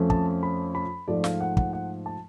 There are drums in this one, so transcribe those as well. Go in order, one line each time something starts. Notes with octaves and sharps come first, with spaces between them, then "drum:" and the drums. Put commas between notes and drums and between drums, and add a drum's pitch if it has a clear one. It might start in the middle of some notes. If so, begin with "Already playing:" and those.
Already playing: F2 F3 A3 C#4
A5, drum: kick
B5
B5
G#2 F3 A3 D5
F5, drum: snare
F#5
F#5, drum: kick
F#5
A5